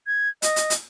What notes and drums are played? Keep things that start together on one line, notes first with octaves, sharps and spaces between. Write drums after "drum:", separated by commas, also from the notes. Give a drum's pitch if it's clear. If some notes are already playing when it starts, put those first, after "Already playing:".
G#6
D#5, drum: hi-hat
drum: hi-hat
drum: hi-hat